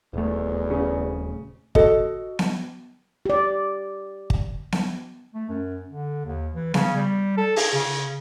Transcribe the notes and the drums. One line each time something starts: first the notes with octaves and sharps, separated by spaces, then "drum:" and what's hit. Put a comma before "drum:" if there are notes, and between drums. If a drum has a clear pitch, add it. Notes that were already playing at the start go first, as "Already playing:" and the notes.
D#1 E2 A3
C#3
F#4 A4 D#5, drum: kick
drum: snare B3
G4 D5
drum: kick
drum: snare B3
A3
F#2
D3
D#2
E3
C#3, drum: snare B3
G3
A4
G#4, drum: open hi-hat
C#3